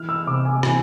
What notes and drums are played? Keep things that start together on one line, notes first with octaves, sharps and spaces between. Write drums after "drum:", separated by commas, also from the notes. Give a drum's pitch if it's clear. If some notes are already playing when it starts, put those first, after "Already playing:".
Already playing: E3 F6
E6
C3 D6
G#5
E3 G#5, drum: rim click